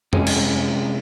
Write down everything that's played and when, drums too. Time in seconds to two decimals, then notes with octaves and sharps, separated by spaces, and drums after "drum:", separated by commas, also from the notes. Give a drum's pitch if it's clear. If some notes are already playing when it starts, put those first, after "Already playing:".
0.13 C3 G#3 C#4, drum: tom F2
0.27 drum: cymbal